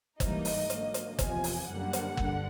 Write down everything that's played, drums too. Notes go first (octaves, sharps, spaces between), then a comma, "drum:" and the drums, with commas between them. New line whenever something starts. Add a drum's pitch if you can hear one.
G#2 E3 G3 A#3 D#4 D#5, drum: kick G1, hi-hat
drum: open hi-hat
D3 F#3 A#3, drum: hi-hat
drum: hi-hat
E2 C3 F3 G#5, drum: kick G1, hi-hat
drum: open hi-hat
F#2 D3 G3 A#3 F#5
drum: hi-hat
G2 D3, drum: kick G1